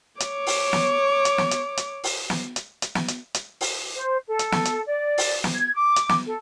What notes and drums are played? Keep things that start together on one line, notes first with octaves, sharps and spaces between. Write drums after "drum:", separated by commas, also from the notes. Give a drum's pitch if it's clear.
C#5 D6, drum: hi-hat
drum: open hi-hat
drum: snare
drum: hi-hat
drum: snare
drum: hi-hat
drum: hi-hat
drum: open hi-hat
drum: snare
drum: hi-hat
drum: hi-hat
drum: snare
drum: hi-hat
drum: hi-hat
drum: open hi-hat
C5
A4
drum: hi-hat
drum: snare
drum: hi-hat
D5
drum: open hi-hat
drum: snare
G#6
D6
drum: hi-hat
drum: snare
A4